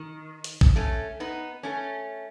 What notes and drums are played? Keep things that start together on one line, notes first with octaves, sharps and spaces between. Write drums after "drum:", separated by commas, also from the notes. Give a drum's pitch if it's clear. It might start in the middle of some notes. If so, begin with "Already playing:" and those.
Already playing: D#3
drum: hi-hat
drum: kick
A3 C#4
B3 D#4
A3 C#4